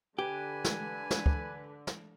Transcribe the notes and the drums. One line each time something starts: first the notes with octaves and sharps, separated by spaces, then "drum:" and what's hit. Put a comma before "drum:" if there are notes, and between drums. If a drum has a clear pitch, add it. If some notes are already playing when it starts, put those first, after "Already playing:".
D3 G4 B4 G#5
drum: snare
drum: snare
drum: kick
drum: snare